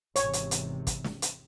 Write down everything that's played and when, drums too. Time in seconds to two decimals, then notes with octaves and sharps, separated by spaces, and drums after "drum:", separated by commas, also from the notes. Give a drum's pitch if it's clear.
0.16 G#1 E2 C3 C#5, drum: hi-hat
0.33 drum: hi-hat
0.51 drum: hi-hat
0.87 drum: kick, hi-hat
1.04 drum: snare
1.22 drum: hi-hat